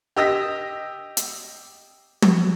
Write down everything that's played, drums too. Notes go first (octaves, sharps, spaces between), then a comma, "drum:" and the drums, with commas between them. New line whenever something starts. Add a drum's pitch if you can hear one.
G4 D#5 E6 A#6 B6
drum: hi-hat
drum: tom